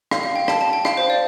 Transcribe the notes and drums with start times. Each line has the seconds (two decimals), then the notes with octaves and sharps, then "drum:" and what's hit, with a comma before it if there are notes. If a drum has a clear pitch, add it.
0.11 F5, drum: rim click
0.23 F5
0.36 G5
0.48 A5, drum: rim click
0.61 A5
0.73 G5
0.85 F5, drum: rim click
0.97 C5
1.10 D5